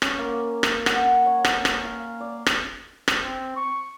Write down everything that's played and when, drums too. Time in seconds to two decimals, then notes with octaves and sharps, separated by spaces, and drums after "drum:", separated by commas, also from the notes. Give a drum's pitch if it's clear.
0.02 C#4, drum: rim click
0.19 A#3
0.63 drum: rim click
0.86 F#5, drum: rim click
1.26 C#5
1.45 drum: rim click
1.65 drum: rim click
1.85 F5
2.20 D5
2.46 drum: rim click
3.08 drum: rim click
3.23 C4
3.56 C#6